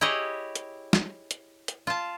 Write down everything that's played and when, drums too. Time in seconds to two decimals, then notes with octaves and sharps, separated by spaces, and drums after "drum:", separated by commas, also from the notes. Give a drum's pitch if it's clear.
0.01 E4 G4 G#4 C#5 D#5
0.56 drum: hi-hat
0.93 drum: snare
1.31 drum: hi-hat
1.68 drum: hi-hat
1.87 F4 A5